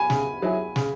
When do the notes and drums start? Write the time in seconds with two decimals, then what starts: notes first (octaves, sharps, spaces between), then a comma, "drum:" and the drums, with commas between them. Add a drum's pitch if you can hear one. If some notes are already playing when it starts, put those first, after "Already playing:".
Already playing: G#5 B5
0.10 C#3, drum: snare
0.42 F#3 E4 G#4
0.76 C#3, drum: snare